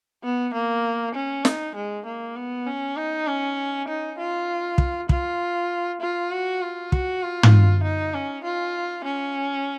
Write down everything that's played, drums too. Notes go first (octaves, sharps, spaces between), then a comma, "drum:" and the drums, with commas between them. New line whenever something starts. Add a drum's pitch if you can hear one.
B3
A#3
C#4
D#4, drum: snare
G#3
A#3
B3
C#4
D#4
C#4
D#4
F4
drum: kick
F4, drum: kick
F4
F#4
F4
F#4, drum: kick
F4
drum: tom
D#4
C#4
F4
C#4